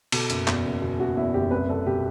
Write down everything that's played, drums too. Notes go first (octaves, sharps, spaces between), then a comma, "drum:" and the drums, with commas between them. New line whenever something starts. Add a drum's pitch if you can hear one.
B2 A4, drum: cymbal
F#1, drum: hi-hat
E2, drum: clap
F#1
B2
F#1 F#4
E2 E4
F#1 G4
C2 B4
C2 A4
B2 G4